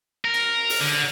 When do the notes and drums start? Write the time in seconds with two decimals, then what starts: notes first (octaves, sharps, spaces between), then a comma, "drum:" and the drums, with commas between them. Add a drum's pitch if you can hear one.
0.25 A#4
0.34 drum: cymbal
0.70 drum: open hi-hat
0.80 D3